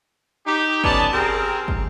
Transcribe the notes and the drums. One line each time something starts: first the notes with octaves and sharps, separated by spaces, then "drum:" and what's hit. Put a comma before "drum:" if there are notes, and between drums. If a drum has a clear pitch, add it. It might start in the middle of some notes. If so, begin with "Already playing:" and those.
D#4 G4
B3 C#4 A4 D5 A5, drum: kick
C4 G4 G#4 A#4
drum: kick